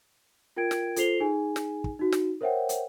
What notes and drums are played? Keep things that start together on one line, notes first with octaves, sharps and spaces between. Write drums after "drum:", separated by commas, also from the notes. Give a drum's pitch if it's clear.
F4 A#4 G5 G#6 D7
drum: snare
F4 A4 C5 C7 F7 G7, drum: hi-hat
D#4 G#4 G#5
drum: snare
drum: kick
D#4 F#4
drum: snare
A#4 C5 C#5 E5 F#5 G5
drum: hi-hat